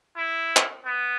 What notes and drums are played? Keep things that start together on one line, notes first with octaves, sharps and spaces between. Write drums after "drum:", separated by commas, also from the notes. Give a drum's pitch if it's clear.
E4
drum: clap
B3